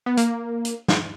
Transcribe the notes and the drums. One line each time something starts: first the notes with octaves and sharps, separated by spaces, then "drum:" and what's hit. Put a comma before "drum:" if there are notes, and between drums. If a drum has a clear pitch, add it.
B3
A#3, drum: hi-hat
drum: hi-hat
drum: snare